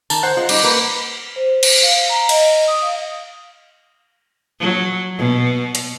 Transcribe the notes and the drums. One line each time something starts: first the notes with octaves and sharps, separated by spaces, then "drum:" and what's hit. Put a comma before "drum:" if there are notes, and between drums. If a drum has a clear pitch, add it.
D#3 A5, drum: tambourine
C5 F#5 F#6
G#3 F4
G3 D#4, drum: cymbal
A#3 B4
C5
drum: cymbal
F5
A#5
D#5, drum: cymbal
D#6
F5
F#3
B2
drum: hi-hat